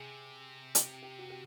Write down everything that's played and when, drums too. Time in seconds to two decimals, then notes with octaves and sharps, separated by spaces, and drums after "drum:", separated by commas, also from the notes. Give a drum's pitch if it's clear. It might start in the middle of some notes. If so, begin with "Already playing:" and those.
Already playing: C3 G#4
0.75 G4, drum: hi-hat
1.03 G4
1.18 F#4
1.30 G4